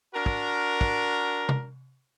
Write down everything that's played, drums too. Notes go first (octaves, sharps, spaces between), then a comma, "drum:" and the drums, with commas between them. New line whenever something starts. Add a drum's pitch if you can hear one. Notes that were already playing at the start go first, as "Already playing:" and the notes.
D4 F#4 A#4
drum: kick
drum: kick
drum: tom C3